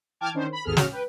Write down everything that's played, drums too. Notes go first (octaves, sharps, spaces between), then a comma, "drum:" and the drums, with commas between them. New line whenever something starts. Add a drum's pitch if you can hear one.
E3 G5 A5 D6 F6 G#6
D#3 C#4 D4 C5
B5
G#1 D#2 B3 G#4 A4 F6
A#1 C#4 F#4 F6, drum: snare
B4 G5